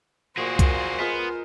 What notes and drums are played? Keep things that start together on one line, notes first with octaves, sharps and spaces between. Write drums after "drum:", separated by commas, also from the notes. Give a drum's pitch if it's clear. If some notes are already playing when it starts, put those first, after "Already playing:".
A#2 A#3 F#4 G#4 C5
drum: kick, hi-hat
G#3 B3 F4 A#4